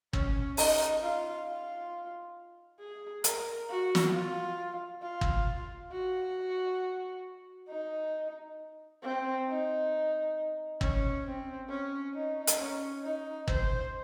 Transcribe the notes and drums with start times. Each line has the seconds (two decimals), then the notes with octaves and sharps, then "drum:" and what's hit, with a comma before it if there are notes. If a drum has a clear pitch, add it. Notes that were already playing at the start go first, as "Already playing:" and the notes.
0.13 C#4, drum: kick G1
0.57 D#4, drum: open hi-hat
1.02 F4
1.47 F4
2.80 G#4
3.24 A#4, drum: hi-hat
3.69 F#4
3.95 drum: snare
4.13 F4
5.02 F4
5.21 drum: kick G1
5.92 F#4
7.69 D#4
9.03 C4
9.47 D#4
10.81 C#4, drum: kick G1
11.26 C4
11.69 C#4
12.14 D#4
12.47 drum: hi-hat
12.58 C#4
13.03 D#4
13.48 C5, drum: kick G1